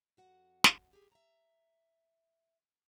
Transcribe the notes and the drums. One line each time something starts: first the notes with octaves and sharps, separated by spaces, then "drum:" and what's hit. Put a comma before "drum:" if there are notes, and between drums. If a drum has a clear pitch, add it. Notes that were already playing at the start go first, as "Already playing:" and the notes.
F2 F#4 F#5
drum: snare
G4 G#4
E5 A#5